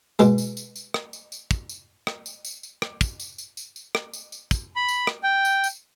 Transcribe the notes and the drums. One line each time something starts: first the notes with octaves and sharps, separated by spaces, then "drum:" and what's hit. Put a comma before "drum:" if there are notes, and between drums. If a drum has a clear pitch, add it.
B2 G#3, drum: tambourine
drum: tambourine
drum: tambourine
drum: tambourine
drum: rim click
drum: tambourine
drum: tambourine
drum: kick, tambourine
drum: tambourine
drum: rim click
drum: tambourine
drum: tambourine
drum: tambourine
drum: rim click
drum: kick, tambourine
drum: tambourine
drum: tambourine
drum: tambourine
drum: tambourine
drum: rim click
drum: tambourine
drum: tambourine
drum: kick, tambourine
B5
drum: tambourine
drum: rim click
G5
drum: tambourine
drum: tambourine